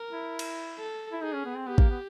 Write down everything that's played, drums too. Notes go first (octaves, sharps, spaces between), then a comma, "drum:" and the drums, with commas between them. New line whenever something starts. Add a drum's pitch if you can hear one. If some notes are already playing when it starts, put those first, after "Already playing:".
Already playing: A#4
E4
drum: cymbal
A4
E4
D#4 G#4
C#4
B3
C4
B3 G4
A#3, drum: kick A1
B3